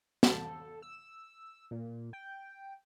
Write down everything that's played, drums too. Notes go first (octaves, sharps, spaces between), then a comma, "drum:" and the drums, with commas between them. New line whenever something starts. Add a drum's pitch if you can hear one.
A4, drum: snare
E6
A#2
G5